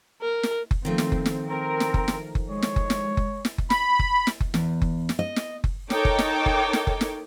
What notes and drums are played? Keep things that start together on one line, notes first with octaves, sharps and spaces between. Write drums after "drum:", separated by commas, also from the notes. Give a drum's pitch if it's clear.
A#4
drum: snare
drum: kick F#1
D#3 F3 A3 C4
drum: snare
drum: kick F#1
drum: snare
C4 A#4
drum: snare
drum: kick F#1
drum: snare
drum: kick F#1
G#3 C#5
drum: snare
drum: kick F#1
drum: snare
drum: kick F#1
drum: snare
drum: kick F#1
B5, drum: snare
drum: kick F#1
drum: snare
drum: kick F#1
E2, drum: snare
drum: kick F#1
drum: snare
D#5
drum: snare
drum: kick F#1
D#4 A4 A#4 C#5 G5 D6, drum: snare
drum: kick F#1
drum: snare
drum: kick F#1
drum: snare
drum: kick F#1
drum: snare